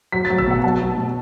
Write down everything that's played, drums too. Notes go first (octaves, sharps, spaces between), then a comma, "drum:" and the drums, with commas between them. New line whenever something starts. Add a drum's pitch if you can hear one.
F#3 B6
A6
F#3
E6, drum: kick G#1
B2 F#5
F#3 A5
F#3
B2